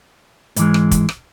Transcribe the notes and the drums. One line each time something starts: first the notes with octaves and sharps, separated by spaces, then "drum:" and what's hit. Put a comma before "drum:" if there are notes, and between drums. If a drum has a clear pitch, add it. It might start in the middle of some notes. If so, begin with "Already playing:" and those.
G#2 E3 G#3, drum: hi-hat
drum: rim click
drum: kick, hi-hat
drum: rim click